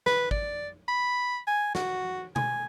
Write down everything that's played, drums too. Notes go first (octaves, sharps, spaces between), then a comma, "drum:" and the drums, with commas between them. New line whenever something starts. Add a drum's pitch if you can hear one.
B4, drum: snare
D5, drum: kick
B5
G#5
F#4, drum: snare
G#5, drum: tom B2